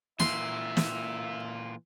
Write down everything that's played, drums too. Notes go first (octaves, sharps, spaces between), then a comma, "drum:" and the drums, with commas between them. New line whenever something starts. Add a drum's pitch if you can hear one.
A#2 E3 F4 A#4 E5 C6, drum: snare
drum: snare